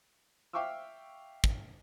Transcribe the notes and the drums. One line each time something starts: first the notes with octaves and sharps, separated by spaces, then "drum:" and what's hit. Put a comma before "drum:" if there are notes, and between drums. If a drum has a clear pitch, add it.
E5 F5 G5 C#6 D6 E6
drum: kick